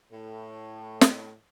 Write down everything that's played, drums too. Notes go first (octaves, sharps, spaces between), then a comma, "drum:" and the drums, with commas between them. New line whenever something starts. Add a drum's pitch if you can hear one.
A2
drum: snare